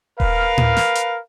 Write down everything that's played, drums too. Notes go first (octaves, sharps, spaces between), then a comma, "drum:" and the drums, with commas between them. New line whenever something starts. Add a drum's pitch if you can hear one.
A#4 B4 F5, drum: kick D#1
drum: tom A2
drum: snare
drum: hi-hat